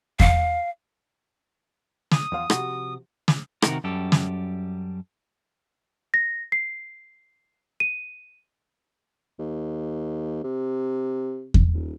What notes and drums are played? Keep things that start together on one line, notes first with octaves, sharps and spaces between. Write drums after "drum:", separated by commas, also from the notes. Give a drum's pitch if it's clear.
F5, drum: kick E2
D#6, drum: snare
E2 F3 F5
C3 F3 F#4, drum: rim click
drum: snare
C3 D#3 F#4 A#4, drum: rim click
F#2 G3 G4 A4
drum: snare
A#6
C7
D#7
D#2
C3
drum: kick E2
D#1